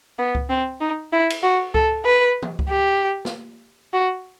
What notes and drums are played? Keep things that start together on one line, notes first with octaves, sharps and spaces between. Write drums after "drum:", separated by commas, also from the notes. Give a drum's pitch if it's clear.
B3
drum: kick C#2
C4
D#4
E4
drum: cymbal
F#4
A4, drum: kick C#2
B4
drum: tom
drum: kick C#2
G4
drum: snare
F#4